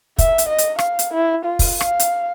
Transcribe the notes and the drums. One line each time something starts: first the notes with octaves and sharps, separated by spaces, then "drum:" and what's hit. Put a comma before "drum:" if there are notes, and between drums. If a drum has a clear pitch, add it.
E5, drum: kick, hi-hat
drum: hi-hat
D#5
drum: hi-hat
F5, drum: rim click
drum: hi-hat
E4
F4
drum: kick, open hi-hat
F5, drum: rim click
drum: hi-hat